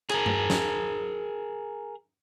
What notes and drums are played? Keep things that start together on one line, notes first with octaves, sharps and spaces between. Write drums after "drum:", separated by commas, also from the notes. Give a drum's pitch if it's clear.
G#4 A#4, drum: clap
drum: tom G2
drum: snare